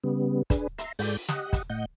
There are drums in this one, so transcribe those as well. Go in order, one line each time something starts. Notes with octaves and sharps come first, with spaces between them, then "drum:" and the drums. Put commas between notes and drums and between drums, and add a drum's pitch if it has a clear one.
C#3 G3 B3
D4 G#4 B4, drum: kick, hi-hat
E5 A#5 C6, drum: hi-hat
G#2 G#3 A4 D5 G6, drum: open hi-hat
G4 D#5 F#5, drum: snare
drum: kick, hi-hat
A2 D#5 F#5 G6